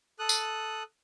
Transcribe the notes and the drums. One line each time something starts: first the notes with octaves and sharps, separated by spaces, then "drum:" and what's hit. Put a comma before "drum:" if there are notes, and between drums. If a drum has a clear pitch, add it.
A4 D#6 F#6
drum: tambourine